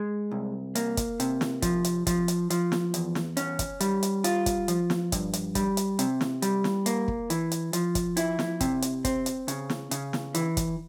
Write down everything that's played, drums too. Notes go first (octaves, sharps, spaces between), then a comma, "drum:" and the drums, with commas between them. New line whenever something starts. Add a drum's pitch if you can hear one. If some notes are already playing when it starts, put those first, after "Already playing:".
Already playing: G#3
C2
A#3, drum: hi-hat
drum: kick, hi-hat
C3, drum: hi-hat
drum: snare
F3, drum: kick, hi-hat
drum: hi-hat
F3, drum: kick, hi-hat
drum: hi-hat
F3, drum: hi-hat
drum: snare
E2, drum: hi-hat
drum: snare
C#4, drum: hi-hat
drum: kick, hi-hat
G3, drum: hi-hat
drum: hi-hat
F4, drum: hi-hat
drum: kick, hi-hat
F3, drum: hi-hat
drum: snare
G2, drum: kick, hi-hat
drum: hi-hat
G3, drum: kick, hi-hat
drum: hi-hat
C3, drum: hi-hat
drum: snare
G3, drum: hi-hat
drum: snare
A#3, drum: hi-hat
drum: kick
E3, drum: hi-hat
drum: hi-hat
F3, drum: hi-hat
drum: kick, hi-hat
E4, drum: hi-hat
drum: snare
C3, drum: kick, hi-hat
drum: hi-hat
C4, drum: kick, hi-hat
drum: hi-hat
C#3, drum: hi-hat
drum: snare
C#3, drum: hi-hat
drum: snare
E3, drum: hi-hat
drum: kick, hi-hat